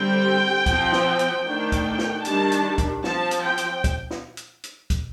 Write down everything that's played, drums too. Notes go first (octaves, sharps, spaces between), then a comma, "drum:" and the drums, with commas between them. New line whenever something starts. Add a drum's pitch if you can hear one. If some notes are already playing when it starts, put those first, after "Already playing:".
Already playing: D3 G3 C4 G5
F3 C4, drum: kick, hi-hat
drum: snare
drum: hi-hat
D#3 A3 D4 G5
drum: kick, hi-hat
drum: snare
D#3 G3 D4 A5, drum: hi-hat
drum: hi-hat
drum: kick, hi-hat
F3 C4 A5, drum: snare
drum: hi-hat
G5
drum: hi-hat
drum: kick, hi-hat
drum: snare
drum: hi-hat
drum: hi-hat
drum: kick, hi-hat